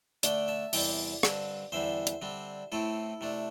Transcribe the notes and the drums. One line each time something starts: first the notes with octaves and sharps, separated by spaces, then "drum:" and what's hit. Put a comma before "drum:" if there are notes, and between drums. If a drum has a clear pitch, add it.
D3 A3 D4 D5 G5, drum: hi-hat
E5 A5
E2 C3 G3 C4 D5 G5, drum: open hi-hat
G2 D3 C4, drum: rim click
E2 D3 G3 C5 E5
drum: hi-hat
D3 G3 C4
A2 A3 C4 E4 A4
C3 A3 D4